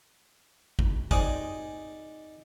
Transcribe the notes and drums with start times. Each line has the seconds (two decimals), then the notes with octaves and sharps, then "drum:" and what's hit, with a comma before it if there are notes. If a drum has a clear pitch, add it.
0.79 drum: kick
1.11 C4 D#4 G#4 D5, drum: kick